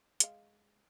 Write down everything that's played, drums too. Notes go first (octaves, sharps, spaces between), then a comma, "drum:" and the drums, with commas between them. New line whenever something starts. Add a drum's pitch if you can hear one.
G#3 F5, drum: hi-hat